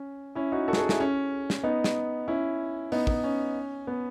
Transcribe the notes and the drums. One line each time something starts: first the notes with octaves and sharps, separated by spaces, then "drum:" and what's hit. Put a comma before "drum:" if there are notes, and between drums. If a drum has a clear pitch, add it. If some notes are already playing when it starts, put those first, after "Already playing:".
Already playing: C#4
C#4 E4
D#4 F#4
F#4 A4
G#4, drum: snare
F#4 A4
E4 G#4, drum: snare
C#4
drum: snare
B3 D#4
drum: snare
C#4 E4
B3 D#4, drum: open hi-hat
B3, drum: kick
C#4
B3